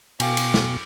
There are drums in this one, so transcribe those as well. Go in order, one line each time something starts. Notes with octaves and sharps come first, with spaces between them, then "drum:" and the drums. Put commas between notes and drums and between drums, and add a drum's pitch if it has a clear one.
B2 F5 G5 G#5 C#6 D6, drum: cymbal
drum: cymbal
drum: snare